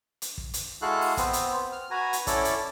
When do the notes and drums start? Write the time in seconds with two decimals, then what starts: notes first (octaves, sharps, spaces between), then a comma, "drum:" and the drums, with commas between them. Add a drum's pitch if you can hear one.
0.22 drum: hi-hat
0.38 drum: kick
0.54 drum: hi-hat
0.82 G#3 E4 F#4 A4 F5 F#6
1.01 drum: open hi-hat
1.17 B3 C4, drum: kick, hi-hat
1.33 drum: hi-hat
1.72 F6
1.91 F#4 B4 G#5 A#5
2.13 drum: hi-hat
2.27 C#4 E4 A4 D5, drum: kick, hi-hat
2.45 drum: hi-hat